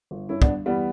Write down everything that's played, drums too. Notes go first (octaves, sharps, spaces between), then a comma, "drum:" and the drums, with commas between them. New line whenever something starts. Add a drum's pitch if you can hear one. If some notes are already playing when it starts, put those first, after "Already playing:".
G1
G2 C#4 E4
B3 D4, drum: kick
G2
E2 G3 B3